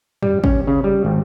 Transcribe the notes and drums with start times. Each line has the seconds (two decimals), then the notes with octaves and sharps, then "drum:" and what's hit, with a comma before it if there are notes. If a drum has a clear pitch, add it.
0.22 G3, drum: tom F2
0.44 C#4, drum: kick
0.67 C#3
0.84 G3
1.05 G#1